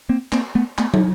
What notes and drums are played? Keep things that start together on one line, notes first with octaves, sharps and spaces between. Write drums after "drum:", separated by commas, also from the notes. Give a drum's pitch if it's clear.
A#3 C4
A#3 C4, drum: clap
A3 B3
A3 B3, drum: clap
drum: tom